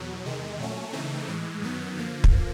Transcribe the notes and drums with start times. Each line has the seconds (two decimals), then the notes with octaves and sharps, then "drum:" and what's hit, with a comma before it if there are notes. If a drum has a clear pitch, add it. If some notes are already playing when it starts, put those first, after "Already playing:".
Already playing: E2 B2 F#3
0.24 E2 C3 D#3 G#3
0.59 A#2 F#3 A3 C#4
0.93 C#3 E3 A3 C4 D#4
1.27 A2 E3 G#3
1.61 F#2 D#3 F#3 B3
1.97 D3 F3 A#3
2.24 drum: kick